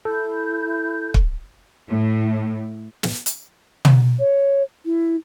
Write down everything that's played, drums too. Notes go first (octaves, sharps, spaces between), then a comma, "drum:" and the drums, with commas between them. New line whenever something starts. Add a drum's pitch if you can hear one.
E4 A4 G6
drum: kick
A2
drum: snare
drum: hi-hat
drum: tom
C#5
E4